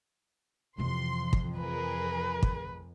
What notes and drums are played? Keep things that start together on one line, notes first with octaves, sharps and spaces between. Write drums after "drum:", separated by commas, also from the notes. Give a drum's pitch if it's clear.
F2 C3 E3 C6
drum: kick
G#4 A#4 B4
drum: kick